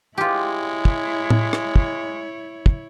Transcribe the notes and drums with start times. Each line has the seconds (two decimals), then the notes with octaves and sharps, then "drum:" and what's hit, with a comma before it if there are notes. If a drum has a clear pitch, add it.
0.18 G#3 E4 F4 G4 C#5
0.85 drum: kick
1.30 drum: tom A2
1.53 drum: rim click
1.76 drum: kick
2.66 drum: kick